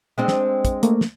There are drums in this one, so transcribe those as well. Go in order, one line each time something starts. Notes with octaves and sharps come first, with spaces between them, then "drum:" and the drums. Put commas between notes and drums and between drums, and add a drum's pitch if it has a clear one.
G#3 C4 D4
drum: snare
drum: kick, hi-hat
A3 A#3, drum: hi-hat
drum: snare